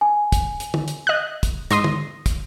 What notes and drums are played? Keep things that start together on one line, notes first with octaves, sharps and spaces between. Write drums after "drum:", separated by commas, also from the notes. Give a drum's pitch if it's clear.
G#5
drum: kick, hi-hat
drum: hi-hat
drum: tom
drum: hi-hat
D#5 F#6
drum: kick, hi-hat
G#2 C6 D#6 A#6, drum: hi-hat
drum: tom
drum: kick, hi-hat